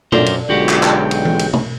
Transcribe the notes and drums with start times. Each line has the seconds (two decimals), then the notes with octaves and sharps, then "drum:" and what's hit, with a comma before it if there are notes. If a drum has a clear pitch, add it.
0.12 F#2 D4 F4 A4 A#4 C5 D5, drum: tom
0.26 drum: cymbal
0.49 B1 D3 G#3 F#4 G4 G5
0.69 drum: clap
0.83 drum: clap
1.11 drum: cymbal
1.25 drum: tom E3
1.39 drum: cymbal
1.53 drum: tom B2